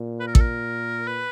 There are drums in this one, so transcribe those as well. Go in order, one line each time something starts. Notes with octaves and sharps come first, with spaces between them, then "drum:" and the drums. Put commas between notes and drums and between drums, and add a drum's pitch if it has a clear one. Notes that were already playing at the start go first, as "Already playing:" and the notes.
Already playing: A#2
B4
A#4
A4, drum: kick A1
A#4
B4